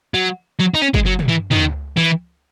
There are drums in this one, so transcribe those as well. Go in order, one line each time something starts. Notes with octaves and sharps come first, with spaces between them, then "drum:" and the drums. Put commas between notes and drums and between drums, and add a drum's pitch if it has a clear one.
F#3
F#3
D#4
C#4
G#3, drum: kick
F#3
drum: tom
E3
D#3, drum: tom
E3